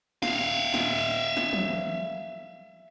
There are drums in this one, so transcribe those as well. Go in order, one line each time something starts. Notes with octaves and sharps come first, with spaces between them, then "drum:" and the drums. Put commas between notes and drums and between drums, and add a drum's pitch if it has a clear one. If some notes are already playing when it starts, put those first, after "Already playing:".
E5 F5, drum: snare
drum: snare
drum: snare
drum: tom